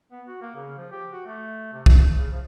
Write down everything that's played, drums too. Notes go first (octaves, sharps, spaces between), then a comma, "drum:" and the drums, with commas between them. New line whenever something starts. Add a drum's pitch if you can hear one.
B3
F#4
A#3
C#3
F3
G4
F#4
A3
C3
A3, drum: kick C2
C#3
F3